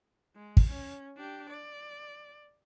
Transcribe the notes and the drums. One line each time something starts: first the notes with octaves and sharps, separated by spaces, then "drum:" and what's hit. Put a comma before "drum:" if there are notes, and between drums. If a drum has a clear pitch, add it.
G#3
drum: kick
C#4
D4 G4
D5